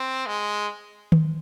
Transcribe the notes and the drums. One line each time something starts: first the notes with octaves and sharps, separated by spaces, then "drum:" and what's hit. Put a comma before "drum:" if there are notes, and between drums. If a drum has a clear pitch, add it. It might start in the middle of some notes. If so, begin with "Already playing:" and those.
Already playing: C4
G#3
drum: tom D#3